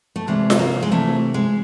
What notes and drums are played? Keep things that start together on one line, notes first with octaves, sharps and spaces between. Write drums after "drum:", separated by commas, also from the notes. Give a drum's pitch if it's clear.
A3
C3 E3 G3 G#3
drum: snare F4
A#3
G#3
C3 E3 G3 A3
G#3